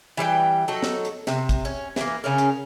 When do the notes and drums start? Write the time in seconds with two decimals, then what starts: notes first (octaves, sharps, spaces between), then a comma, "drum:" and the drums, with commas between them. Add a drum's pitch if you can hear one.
0.17 E3 G3 D5 G5
0.68 F#3 D#4 A4
0.83 drum: snare
1.05 drum: hi-hat
1.27 C3, drum: snare
1.49 drum: kick, hi-hat
1.65 C#4
1.96 E3 A#3, drum: snare
2.24 C#3 C#4 A#4
2.38 drum: hi-hat